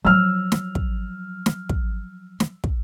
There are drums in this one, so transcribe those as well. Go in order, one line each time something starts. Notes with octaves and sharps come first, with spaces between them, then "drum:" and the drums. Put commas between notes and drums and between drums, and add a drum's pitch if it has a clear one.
F3 F#3 E6 F6
drum: snare
drum: kick
drum: snare
drum: kick
drum: snare
drum: kick